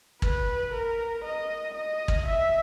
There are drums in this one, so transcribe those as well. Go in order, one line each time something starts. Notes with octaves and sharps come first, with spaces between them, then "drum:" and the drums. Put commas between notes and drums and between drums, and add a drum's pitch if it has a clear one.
B4, drum: kick
A#4
D#5
D#5
drum: kick
E5